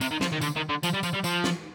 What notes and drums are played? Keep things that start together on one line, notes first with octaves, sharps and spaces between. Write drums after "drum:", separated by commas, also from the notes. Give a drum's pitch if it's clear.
C3, drum: tambourine
D#3
F3, drum: snare
D#3
D3, drum: tambourine
D#3
D3
F3, drum: tambourine
G3
F3, drum: tambourine
G3
F3, drum: tambourine
drum: snare